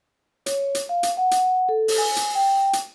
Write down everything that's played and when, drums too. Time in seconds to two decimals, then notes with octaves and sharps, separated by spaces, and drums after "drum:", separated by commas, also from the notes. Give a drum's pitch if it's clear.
0.46 C#5, drum: hi-hat
0.75 drum: hi-hat
0.89 F5
1.03 drum: hi-hat
1.17 F#5
1.31 drum: hi-hat
1.69 A4
1.88 drum: open hi-hat
1.98 G#5
2.16 drum: hi-hat
2.35 G5
2.73 drum: hi-hat